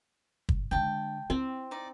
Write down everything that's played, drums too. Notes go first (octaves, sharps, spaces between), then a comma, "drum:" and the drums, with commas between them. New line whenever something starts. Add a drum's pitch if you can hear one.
drum: kick
D3 G#3 G5 A5
C4 E4
D#4 D5